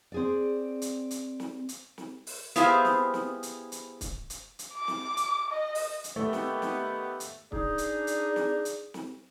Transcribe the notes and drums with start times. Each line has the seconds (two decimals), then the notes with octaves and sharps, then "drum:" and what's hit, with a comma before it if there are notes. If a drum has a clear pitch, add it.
0.12 C4 G#4 D5
0.82 drum: hi-hat
1.11 drum: hi-hat
1.40 drum: snare
1.69 drum: hi-hat
1.98 drum: snare
2.27 drum: open hi-hat
2.56 B3 E4 G4 G#4 C5 F5, drum: hi-hat
2.85 drum: snare
3.14 drum: snare
3.43 drum: hi-hat
3.72 drum: hi-hat
4.01 drum: kick, hi-hat
4.30 drum: hi-hat
4.59 drum: hi-hat
4.74 D6
4.88 drum: snare
5.17 drum: hi-hat
5.50 D#5
5.75 drum: open hi-hat
6.04 drum: hi-hat
6.16 D#3 A3 B3 G4
6.33 drum: snare
6.62 drum: snare
7.20 drum: hi-hat
7.52 D4 D#4 G#4, drum: kick
7.78 drum: hi-hat
8.07 drum: hi-hat
8.36 drum: snare
8.65 drum: hi-hat
8.94 drum: snare